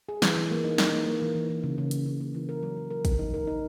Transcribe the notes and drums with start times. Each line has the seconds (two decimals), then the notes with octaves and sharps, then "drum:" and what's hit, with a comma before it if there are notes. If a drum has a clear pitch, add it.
0.09 G#4
0.22 E3, drum: snare
0.36 E3
0.51 A#3
0.64 D#4
0.78 D#4, drum: snare
0.92 A#3
1.06 A#3
1.22 E3
1.35 E3
1.50 E3
1.64 C#3
1.78 C#3
1.91 C#3, drum: hi-hat
2.06 C#3
2.21 A#3
2.34 E3
2.49 A#4
2.63 F#3
2.77 F#3
2.90 A#4
3.05 A#4, drum: kick, hi-hat
3.19 D#4
3.34 A#4
3.47 D#4